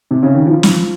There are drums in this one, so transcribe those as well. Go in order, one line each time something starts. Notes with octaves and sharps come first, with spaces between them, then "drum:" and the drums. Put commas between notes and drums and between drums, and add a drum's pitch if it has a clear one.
C3
C#3
D#3
F3
drum: snare